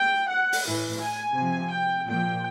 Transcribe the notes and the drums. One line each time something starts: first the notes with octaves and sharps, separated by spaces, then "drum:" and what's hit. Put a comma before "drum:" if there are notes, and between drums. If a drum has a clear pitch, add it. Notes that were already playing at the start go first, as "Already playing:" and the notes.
Already playing: G5
F#5
drum: open hi-hat
A2 E3
G#5
C3 F3
G5
A#2 F3 G5